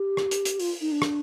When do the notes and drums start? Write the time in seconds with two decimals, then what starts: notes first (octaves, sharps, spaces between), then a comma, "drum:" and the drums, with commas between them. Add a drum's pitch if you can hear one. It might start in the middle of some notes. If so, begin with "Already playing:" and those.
Already playing: G4
0.17 drum: rim click
0.31 drum: hi-hat
0.45 drum: hi-hat
0.59 F4, drum: open hi-hat
0.81 D#4
0.92 D4
1.02 drum: rim click